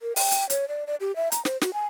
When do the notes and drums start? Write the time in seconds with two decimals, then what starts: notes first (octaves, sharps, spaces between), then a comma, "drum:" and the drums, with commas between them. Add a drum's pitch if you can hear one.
0.02 A#4
0.16 G5, drum: open hi-hat
0.31 drum: hi-hat
0.50 C#5, drum: hi-hat
0.68 D5
0.87 D5
1.00 G4
1.16 E5
1.32 A#5, drum: hi-hat
1.45 C5, drum: snare
1.61 F#4, drum: snare
1.73 G#5